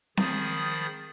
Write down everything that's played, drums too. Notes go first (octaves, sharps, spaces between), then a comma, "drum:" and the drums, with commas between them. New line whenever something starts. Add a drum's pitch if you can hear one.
D#3 F3 G#4 B5 D#6 A6, drum: snare C4